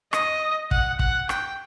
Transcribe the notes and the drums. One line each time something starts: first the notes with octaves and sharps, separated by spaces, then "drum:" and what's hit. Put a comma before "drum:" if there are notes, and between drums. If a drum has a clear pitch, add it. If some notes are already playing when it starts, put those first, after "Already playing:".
D#5, drum: rim click
F#5, drum: kick
F#5, drum: kick
G5, drum: rim click